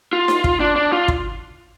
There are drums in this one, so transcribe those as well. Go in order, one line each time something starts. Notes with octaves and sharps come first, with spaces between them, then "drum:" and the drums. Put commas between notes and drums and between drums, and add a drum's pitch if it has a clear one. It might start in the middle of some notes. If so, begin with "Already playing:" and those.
F4
drum: snare D#4
drum: kick
D4
D4
F4
drum: kick